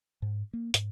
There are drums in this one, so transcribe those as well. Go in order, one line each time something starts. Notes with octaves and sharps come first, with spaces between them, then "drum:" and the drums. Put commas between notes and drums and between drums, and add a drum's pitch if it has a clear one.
G#2
A#3
G#2, drum: hi-hat